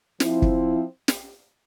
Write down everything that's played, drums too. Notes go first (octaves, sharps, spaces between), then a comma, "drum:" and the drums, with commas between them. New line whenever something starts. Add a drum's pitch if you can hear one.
F3 C4 E4, drum: snare
drum: kick
drum: snare